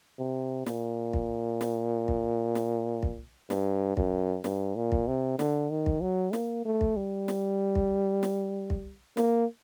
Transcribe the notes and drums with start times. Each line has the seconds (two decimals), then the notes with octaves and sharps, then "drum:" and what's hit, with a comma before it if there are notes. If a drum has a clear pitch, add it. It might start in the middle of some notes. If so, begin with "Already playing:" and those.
0.19 C3
0.66 A#2, drum: snare
1.13 drum: kick
1.61 drum: snare
2.08 drum: kick
2.55 drum: snare
3.03 drum: kick
3.50 G2, drum: snare
3.97 F#2, drum: kick
4.44 G2, drum: snare
4.76 A#2
4.92 drum: kick
5.07 C3
5.39 D3, drum: snare
5.71 D#3
5.86 drum: kick
6.01 F#3
6.33 A#3, drum: snare
6.65 A3
6.81 drum: kick
6.97 G3
7.28 drum: snare
7.75 drum: kick
8.23 drum: snare
8.70 drum: kick
9.17 A#3, drum: snare